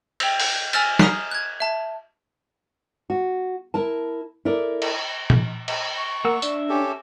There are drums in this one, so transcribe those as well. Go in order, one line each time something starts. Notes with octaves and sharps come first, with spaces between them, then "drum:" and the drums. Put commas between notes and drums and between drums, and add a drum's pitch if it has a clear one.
G5 E6, drum: cymbal
drum: open hi-hat
G#5 E6 F6 A6, drum: cymbal
A#5 D#6 F6 B6 C7, drum: snare
F#6 G#6
E5 A5
F#4
E4 A#4 A5
E4 A4 A#4 D5
drum: cymbal
drum: tom A#2
drum: cymbal
C#6
A#3 A#4 F#5 E6
D4 E5, drum: tambourine
C#4 G4 A4